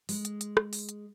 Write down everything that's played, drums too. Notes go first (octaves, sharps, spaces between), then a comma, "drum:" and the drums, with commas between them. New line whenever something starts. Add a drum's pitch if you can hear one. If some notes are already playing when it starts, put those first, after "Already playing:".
G#3, drum: open hi-hat
drum: hi-hat
drum: hi-hat
drum: rim click
drum: open hi-hat
drum: hi-hat